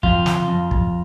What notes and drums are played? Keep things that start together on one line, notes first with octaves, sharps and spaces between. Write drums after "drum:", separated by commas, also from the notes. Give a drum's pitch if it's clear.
F2 F4, drum: kick
drum: snare
F2
drum: kick